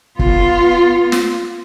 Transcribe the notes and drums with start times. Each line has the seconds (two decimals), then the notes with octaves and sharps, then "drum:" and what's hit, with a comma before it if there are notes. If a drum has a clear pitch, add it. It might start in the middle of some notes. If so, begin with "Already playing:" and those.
0.19 B3 F4, drum: kick
1.12 drum: snare